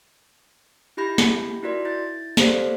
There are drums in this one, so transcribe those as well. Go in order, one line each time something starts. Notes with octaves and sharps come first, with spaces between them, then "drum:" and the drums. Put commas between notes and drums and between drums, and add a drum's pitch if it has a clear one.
D#4 E4 G4 B5 G6 A#6
drum: snare
D#4 E4 F#4 A#4 D5 C6
E4 G6 A6
G4 A4 C5 D5 F5, drum: snare